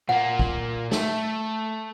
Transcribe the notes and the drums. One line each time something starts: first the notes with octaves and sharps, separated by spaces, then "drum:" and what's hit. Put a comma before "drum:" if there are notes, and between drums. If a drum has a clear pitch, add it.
A#2 A#3 F#5
drum: kick
A3, drum: snare